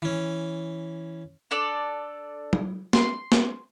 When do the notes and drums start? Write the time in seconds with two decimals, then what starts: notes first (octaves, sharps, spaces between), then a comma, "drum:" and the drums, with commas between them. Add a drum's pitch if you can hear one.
0.02 E3 C#4
1.51 D4 A4 D5
2.53 drum: tom F#3
2.93 C6, drum: snare
3.32 drum: snare